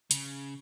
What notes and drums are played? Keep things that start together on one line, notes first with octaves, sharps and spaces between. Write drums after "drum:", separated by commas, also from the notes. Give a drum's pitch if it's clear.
C#3, drum: hi-hat